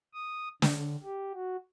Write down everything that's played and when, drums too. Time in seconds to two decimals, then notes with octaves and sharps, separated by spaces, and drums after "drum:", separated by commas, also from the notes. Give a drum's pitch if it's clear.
0.13 D#6
0.62 D3, drum: snare
1.04 G4
1.34 F#4